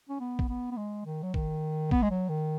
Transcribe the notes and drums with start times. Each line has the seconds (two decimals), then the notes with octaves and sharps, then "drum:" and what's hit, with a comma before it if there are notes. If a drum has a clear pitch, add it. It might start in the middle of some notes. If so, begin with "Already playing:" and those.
0.09 C#4
0.20 B3
0.39 drum: kick A1
0.49 B3
0.71 B3
0.77 G#3
1.05 D#3
1.23 F#3
1.34 D#3, drum: kick A1
1.91 B3, drum: kick A1
2.02 G#3
2.11 F#3
2.29 D#3